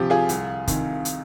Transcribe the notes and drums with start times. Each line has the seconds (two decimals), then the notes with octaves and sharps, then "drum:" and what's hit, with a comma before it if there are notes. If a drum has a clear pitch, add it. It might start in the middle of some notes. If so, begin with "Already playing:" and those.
Already playing: D2 C3 F3 G4
0.10 F4 G#4
0.29 C2, drum: hi-hat
0.67 C3 D#3, drum: kick, hi-hat
1.05 drum: hi-hat